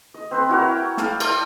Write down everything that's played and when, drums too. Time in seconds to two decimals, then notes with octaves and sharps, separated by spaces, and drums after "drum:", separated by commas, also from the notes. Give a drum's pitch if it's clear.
0.14 D#5
0.31 C4 B4 C5
0.49 E4 F#4 A#4 C#5
0.76 G5
0.97 A4 D5 F5 G5, drum: snare
1.20 A4 C5 D5 E5, drum: cymbal